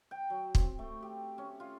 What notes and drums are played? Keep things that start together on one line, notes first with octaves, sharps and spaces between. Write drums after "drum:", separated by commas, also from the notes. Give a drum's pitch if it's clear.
G5
F#3
C4, drum: kick
A3
G4
C#4
F4